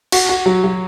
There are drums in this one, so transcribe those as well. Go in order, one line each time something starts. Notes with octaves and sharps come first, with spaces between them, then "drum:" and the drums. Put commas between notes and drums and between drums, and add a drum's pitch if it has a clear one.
F#4, drum: cymbal
F#4
F#3
F#3